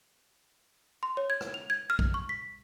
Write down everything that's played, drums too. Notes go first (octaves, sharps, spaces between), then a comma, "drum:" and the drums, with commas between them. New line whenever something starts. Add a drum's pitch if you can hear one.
C6
C#5
G#6
drum: rim click
F7
G#6
F6
drum: kick
C#6
B6